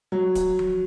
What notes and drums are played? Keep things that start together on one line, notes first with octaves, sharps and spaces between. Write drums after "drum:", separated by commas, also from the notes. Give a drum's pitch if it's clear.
F#3
drum: kick, hi-hat
drum: tom F3